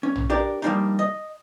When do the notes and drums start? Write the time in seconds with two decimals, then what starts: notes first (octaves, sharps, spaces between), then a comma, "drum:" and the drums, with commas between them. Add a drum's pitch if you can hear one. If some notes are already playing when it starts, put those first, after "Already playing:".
0.03 C#4
0.16 drum: tom A#1
0.30 D4 G4 A#4 D5
0.62 F3 G3 A3 A#3 D4 D#4
0.99 D#5